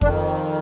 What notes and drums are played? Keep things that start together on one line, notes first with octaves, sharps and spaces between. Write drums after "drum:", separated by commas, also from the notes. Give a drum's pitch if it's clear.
F2 D#3 D4, drum: kick F2